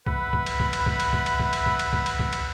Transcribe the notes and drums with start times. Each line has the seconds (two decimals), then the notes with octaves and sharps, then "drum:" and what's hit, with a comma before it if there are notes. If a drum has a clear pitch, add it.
0.06 B4 E5 F#5 B5, drum: kick C2
0.33 drum: kick C2
0.46 drum: cymbal
0.60 drum: kick C2
0.73 drum: cymbal
0.86 drum: kick C2
1.00 drum: cymbal
1.13 drum: kick C2
1.26 drum: cymbal
1.40 drum: kick C2
1.53 drum: cymbal
1.66 drum: kick C2
1.79 drum: cymbal
1.93 drum: kick C2
2.06 drum: cymbal
2.19 drum: kick C2
2.33 drum: cymbal